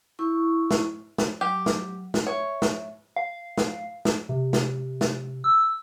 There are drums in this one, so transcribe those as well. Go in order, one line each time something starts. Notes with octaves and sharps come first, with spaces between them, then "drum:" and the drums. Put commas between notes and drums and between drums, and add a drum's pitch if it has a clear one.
E4 C#6
drum: snare
drum: snare
F#3 G4
drum: snare
drum: snare
C#5 E5
drum: snare
F5
drum: snare
drum: snare
C3
drum: snare
drum: snare
E6